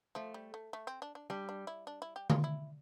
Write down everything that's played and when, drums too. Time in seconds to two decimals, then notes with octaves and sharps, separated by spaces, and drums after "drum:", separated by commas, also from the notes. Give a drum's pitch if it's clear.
0.15 F3 A3
0.34 G3
0.54 A3
0.73 A3
0.87 C4
1.02 D4
1.15 D4
1.30 G3 D4
1.49 D4
1.67 E4
1.87 D4
2.02 E4
2.16 G4
2.30 F4, drum: tom D3
2.44 E4